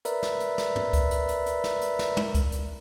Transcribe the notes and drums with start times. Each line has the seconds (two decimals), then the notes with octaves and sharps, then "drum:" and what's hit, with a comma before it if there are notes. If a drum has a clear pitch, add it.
0.05 A#4 B4 D5 E5, drum: hi-hat
0.23 drum: snare
0.40 drum: hi-hat
0.58 drum: snare
0.76 drum: tom
0.93 drum: kick C#2, hi-hat
1.11 drum: hi-hat
1.29 drum: hi-hat
1.46 drum: hi-hat
1.64 drum: snare
1.82 drum: hi-hat
1.99 drum: snare
2.17 drum: tom
2.34 drum: kick C#2, hi-hat
2.52 drum: hi-hat